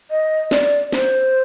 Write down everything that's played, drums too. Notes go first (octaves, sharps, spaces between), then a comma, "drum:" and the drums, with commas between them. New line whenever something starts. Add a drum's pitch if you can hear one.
D#5
D5, drum: snare
C5, drum: snare